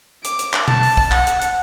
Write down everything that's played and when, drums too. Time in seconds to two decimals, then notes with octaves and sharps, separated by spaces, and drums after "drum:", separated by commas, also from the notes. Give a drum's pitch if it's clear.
0.24 D6, drum: hi-hat
0.39 drum: hi-hat
0.53 drum: clap
0.68 A5, drum: tom B2
0.83 drum: open hi-hat
0.97 drum: kick
1.12 F#5, drum: clap
1.27 drum: hi-hat
1.41 drum: hi-hat